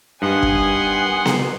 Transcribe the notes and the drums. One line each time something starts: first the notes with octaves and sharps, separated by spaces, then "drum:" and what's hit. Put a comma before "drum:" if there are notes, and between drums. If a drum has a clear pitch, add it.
G2 D#3 B3 F#5 G#5 C6
drum: kick
drum: snare B3